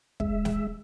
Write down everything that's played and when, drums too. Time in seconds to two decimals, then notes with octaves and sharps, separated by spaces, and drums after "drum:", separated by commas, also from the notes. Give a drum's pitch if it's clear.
0.20 G#3 E5, drum: kick
0.45 drum: snare